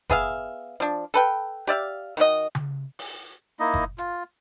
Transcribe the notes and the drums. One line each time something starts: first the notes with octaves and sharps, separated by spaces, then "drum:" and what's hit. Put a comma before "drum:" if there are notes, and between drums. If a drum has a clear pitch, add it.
B3 G#4 E5 F5, drum: kick F#1
F3 D4
A4 B4 G5
G4 D5 E5 F5
D#3 F#4 G4 D#5
drum: tom C#3
drum: open hi-hat
A#3 D#4 E4 D#5
drum: kick F#1
F4, drum: hi-hat